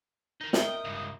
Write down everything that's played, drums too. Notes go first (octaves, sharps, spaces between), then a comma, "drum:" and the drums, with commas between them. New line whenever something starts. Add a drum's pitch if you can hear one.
D#4 A#4
A#4 D#5 E5 G5 F#7, drum: snare
D#6
C#2 G2